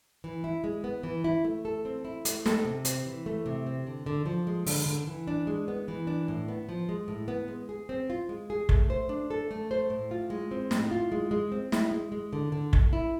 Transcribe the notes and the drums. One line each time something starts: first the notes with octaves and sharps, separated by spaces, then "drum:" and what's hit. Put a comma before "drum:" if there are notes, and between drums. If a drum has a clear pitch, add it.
E3
E4
G#3
B3
E3
E4
A3
A4
C4
E4
A3, drum: hi-hat
A4, drum: snare
C3
C4, drum: hi-hat
E3
A3
C3
C4
D3
D3
F3
G#3
D3, drum: open hi-hat
D3
E3
D4
G#3
B3
E3
D4
A2
B3
F3
G#3
A2
B3
G#3
G#4
C4
F4
G#3
G#4
A3, drum: kick
C5
D4
A4
A3
C5
A2
F4
G#3
C4
A2, drum: snare
F4
G#3
G#3
C4
E4, drum: snare
G#3
G#3
D3
D3
A3, drum: kick
E4